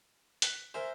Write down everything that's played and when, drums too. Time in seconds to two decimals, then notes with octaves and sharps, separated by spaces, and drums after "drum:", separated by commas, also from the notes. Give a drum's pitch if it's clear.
0.42 F#6 B6, drum: hi-hat
0.74 A#4 C5 E5 G#5